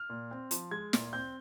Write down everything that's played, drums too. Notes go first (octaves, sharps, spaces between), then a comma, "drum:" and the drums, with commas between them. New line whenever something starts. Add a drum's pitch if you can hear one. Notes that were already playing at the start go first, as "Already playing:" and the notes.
Already playing: F6
A#2
C4
F3, drum: hi-hat
G#3 G#6
A#2, drum: snare
C4 G6